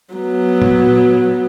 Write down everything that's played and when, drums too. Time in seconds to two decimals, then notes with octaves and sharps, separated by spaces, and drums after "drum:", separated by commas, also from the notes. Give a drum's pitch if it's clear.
0.14 F#3 B3
0.62 drum: tom A#2